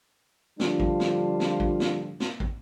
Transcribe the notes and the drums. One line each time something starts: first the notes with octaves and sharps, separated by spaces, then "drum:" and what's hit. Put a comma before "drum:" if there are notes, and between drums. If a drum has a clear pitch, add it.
D3 F3 G3 D4 F4, drum: snare
drum: kick
drum: snare
drum: snare
drum: kick
drum: snare
drum: snare
drum: kick